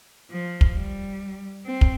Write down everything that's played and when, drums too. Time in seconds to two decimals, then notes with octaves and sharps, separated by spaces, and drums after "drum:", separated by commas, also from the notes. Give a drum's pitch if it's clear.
0.31 F3
0.61 drum: kick
0.76 G3
1.67 C4
1.81 drum: kick